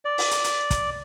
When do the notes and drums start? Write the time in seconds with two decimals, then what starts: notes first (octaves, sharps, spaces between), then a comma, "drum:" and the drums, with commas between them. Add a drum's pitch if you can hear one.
0.05 D5
0.18 drum: open hi-hat
0.31 drum: hi-hat
0.44 drum: hi-hat
0.71 drum: kick, hi-hat